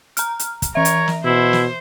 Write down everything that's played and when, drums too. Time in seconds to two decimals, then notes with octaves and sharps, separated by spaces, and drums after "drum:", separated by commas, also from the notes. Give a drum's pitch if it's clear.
0.17 A#5 F6, drum: hi-hat
0.39 drum: hi-hat
0.62 drum: kick, hi-hat
0.75 E3 A#4 C#5 E5
0.85 drum: hi-hat
1.08 drum: snare
1.25 B2 E4 C5
1.53 drum: snare